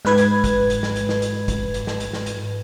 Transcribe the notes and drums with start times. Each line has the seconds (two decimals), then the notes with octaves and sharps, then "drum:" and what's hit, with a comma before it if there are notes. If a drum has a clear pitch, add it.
0.05 G#2 B4 G#6, drum: snare
0.18 drum: hi-hat
0.44 drum: kick, hi-hat
0.70 drum: hi-hat
0.83 drum: snare
0.96 drum: hi-hat
1.09 drum: snare
1.22 drum: hi-hat
1.48 drum: kick, hi-hat
1.74 drum: hi-hat
1.87 drum: snare
2.00 drum: hi-hat
2.13 drum: snare
2.26 drum: hi-hat